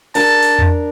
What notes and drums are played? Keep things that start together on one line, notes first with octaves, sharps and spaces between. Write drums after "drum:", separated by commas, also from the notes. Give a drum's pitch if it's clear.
D4 A#4 A5, drum: open hi-hat
drum: open hi-hat
drum: tom E2